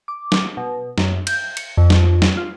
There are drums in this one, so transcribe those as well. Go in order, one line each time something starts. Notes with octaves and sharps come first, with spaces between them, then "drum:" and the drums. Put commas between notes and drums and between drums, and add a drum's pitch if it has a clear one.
D6
drum: snare
B2
F#2, drum: snare
G6, drum: cymbal
C#7, drum: cymbal
F2
drum: snare
drum: snare
F4